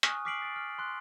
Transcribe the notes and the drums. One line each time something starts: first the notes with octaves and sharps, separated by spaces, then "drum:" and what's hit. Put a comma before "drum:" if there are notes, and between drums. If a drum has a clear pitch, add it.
G#5 C#6 D#6 F6 F#6, drum: hi-hat
D6 F6 B6 C7 D7 F#7
A6 D7
F6
C6 F#6